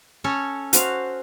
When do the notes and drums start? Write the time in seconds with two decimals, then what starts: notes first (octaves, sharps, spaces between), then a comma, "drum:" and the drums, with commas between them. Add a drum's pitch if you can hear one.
0.24 C#4 A4 C#5
0.73 F#4 C5 F5, drum: hi-hat